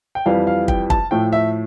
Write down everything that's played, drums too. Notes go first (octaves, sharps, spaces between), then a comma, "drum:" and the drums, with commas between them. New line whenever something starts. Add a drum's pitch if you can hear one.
G5
F2 E3 G3 F5
F5
G5, drum: kick
A5, drum: kick
A2 F3 A3 G5
E5